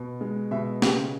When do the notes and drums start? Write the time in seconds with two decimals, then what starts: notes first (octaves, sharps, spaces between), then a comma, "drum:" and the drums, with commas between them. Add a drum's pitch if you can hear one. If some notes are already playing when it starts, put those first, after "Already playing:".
Already playing: B2
0.21 G#3
0.51 B2 E5
0.82 C#3 G4, drum: snare